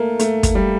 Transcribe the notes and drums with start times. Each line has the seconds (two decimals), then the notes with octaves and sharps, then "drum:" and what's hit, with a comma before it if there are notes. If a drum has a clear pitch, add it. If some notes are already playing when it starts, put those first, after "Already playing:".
Already playing: A3 A#3
0.19 A3, drum: hi-hat
0.43 drum: kick, hi-hat
0.55 G3